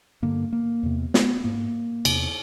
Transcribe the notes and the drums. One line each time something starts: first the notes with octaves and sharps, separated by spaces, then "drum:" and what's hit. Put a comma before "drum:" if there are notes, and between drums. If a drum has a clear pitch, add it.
G2 D3 A#3
A#3
E2 C3
B3, drum: snare
G#2 A#3
E2 C3, drum: cymbal